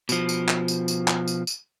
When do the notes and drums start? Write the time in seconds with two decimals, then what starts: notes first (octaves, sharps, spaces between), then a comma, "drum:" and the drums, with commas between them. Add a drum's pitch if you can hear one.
0.09 B2 F3, drum: tambourine
0.29 drum: tambourine
0.49 drum: clap
0.68 drum: tambourine
0.88 drum: tambourine
1.08 drum: clap
1.28 drum: tambourine
1.47 drum: tambourine